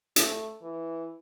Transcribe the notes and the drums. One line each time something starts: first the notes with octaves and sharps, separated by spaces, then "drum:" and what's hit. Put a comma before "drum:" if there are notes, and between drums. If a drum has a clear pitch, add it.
A3, drum: hi-hat
E3